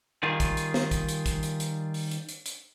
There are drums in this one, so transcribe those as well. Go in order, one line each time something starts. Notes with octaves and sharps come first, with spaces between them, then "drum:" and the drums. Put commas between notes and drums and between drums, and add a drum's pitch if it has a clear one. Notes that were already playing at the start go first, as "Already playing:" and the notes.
D#3 G3 F4 G#4
drum: kick, hi-hat
drum: hi-hat
drum: snare
drum: kick, hi-hat
drum: hi-hat
drum: kick, hi-hat
drum: hi-hat
drum: hi-hat
drum: open hi-hat
drum: hi-hat
drum: hi-hat
drum: hi-hat